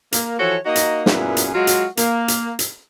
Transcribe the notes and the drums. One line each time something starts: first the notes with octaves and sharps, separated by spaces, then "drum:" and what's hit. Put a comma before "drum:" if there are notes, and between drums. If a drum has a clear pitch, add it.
A#3, drum: hi-hat
E3 F3 F#4 A4 C#5
A#3 D#4 F#4 D#5
drum: hi-hat
F#2 A#2 B3 E4 G#4, drum: snare
drum: hi-hat
F#3 G#3 F4 F#4
drum: hi-hat
A#3, drum: hi-hat
drum: hi-hat
drum: hi-hat